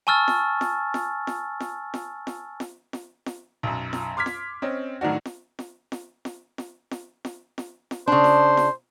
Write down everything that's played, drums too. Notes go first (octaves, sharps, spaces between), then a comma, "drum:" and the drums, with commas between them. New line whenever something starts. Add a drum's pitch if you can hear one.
G#5 A5 C#6 E6 F6 A6
drum: snare F4
drum: snare F4
drum: snare F4
drum: snare F4
drum: snare F4
drum: snare F4
drum: snare F4
drum: snare F4
drum: snare F4
drum: snare F4
B1 F#2
drum: snare F4
C6 D6 F6 G#6 B6
drum: snare F4
C4 C#4 D#5
A2 D#3 F#3 D4 F#4
drum: snare F4
drum: snare F4
drum: snare F4
drum: snare F4
drum: snare F4
drum: snare F4
drum: snare F4
drum: snare F4
drum: snare F4
C#3 D4 C5
drum: snare F4
drum: snare F4